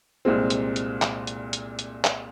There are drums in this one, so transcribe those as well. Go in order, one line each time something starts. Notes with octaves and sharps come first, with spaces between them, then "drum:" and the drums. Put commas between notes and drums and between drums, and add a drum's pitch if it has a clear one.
C2 A#2 G#3 C4
drum: hi-hat
drum: hi-hat
drum: clap
drum: hi-hat
drum: hi-hat
drum: hi-hat
drum: clap